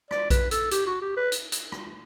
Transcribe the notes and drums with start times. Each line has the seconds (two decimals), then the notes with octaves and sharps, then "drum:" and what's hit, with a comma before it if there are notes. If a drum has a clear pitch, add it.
0.11 D5, drum: rim click
0.30 B4, drum: kick A#1, hi-hat
0.51 A4, drum: hi-hat
0.71 G4, drum: hi-hat
0.87 F#4
1.02 G4
1.17 B4
1.32 drum: hi-hat
1.52 drum: hi-hat
1.72 drum: rim click